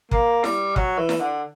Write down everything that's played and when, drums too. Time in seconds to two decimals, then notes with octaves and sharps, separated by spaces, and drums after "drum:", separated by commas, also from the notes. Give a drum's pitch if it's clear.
0.11 A#3, drum: kick
0.44 G3, drum: snare E4
0.76 F#3, drum: kick
0.98 E3
1.09 drum: snare E4
1.20 D3